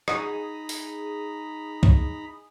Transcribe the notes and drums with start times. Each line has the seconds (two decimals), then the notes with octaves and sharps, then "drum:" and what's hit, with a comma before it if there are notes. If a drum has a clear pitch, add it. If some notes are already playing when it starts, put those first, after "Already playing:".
0.08 D#4 F#4 G#4 D#5 A#5 B5 D#6, drum: rim click
0.69 drum: open hi-hat
1.83 drum: kick C#2